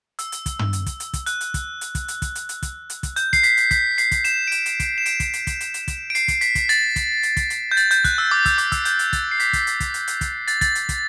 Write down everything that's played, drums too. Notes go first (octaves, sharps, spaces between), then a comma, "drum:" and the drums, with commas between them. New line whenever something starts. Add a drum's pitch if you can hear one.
E6, drum: hi-hat
drum: hi-hat
drum: kick, hi-hat
drum: tom
drum: hi-hat
drum: kick, hi-hat
drum: hi-hat
drum: kick, hi-hat
F#6, drum: hi-hat
drum: hi-hat
drum: kick, hi-hat
drum: hi-hat
drum: kick, hi-hat
drum: hi-hat
drum: kick, hi-hat
drum: hi-hat
drum: hi-hat
drum: kick, hi-hat
drum: hi-hat
drum: kick, hi-hat
G6, drum: hi-hat
C7, drum: kick, hi-hat
B6, drum: hi-hat
drum: hi-hat
B6, drum: kick, hi-hat
C7, drum: hi-hat
drum: kick, hi-hat
E7, drum: hi-hat
D7
E7, drum: hi-hat
drum: hi-hat
D7, drum: kick, hi-hat
E7
D7, drum: hi-hat
drum: kick, hi-hat
drum: hi-hat
drum: kick, hi-hat
drum: hi-hat
drum: hi-hat
drum: kick, hi-hat
D7
C7, drum: hi-hat
drum: kick, hi-hat
B6, drum: hi-hat
drum: kick, hi-hat
A6, drum: hi-hat
drum: kick, hi-hat
drum: hi-hat
drum: kick, hi-hat
drum: hi-hat
G6
A6, drum: hi-hat
G6, drum: hi-hat
F#6, drum: kick, hi-hat
E6
D6
E6, drum: kick, hi-hat
D6, drum: hi-hat
E6, drum: kick, hi-hat
G6, drum: hi-hat
drum: hi-hat
A6, drum: kick, hi-hat
C7
B6, drum: hi-hat
drum: kick, hi-hat
drum: hi-hat
drum: kick, hi-hat
drum: hi-hat
drum: hi-hat
drum: kick, hi-hat
A6, drum: hi-hat
A6, drum: kick, hi-hat
drum: hi-hat
drum: kick, hi-hat